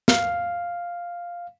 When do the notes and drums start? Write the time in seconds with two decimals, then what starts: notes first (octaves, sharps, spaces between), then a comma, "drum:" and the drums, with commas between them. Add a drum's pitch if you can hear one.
0.08 F5, drum: snare